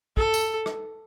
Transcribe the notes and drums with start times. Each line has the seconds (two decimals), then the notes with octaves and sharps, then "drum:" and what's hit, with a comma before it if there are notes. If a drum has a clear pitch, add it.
0.17 A4, drum: kick
0.34 drum: tambourine
0.66 drum: rim click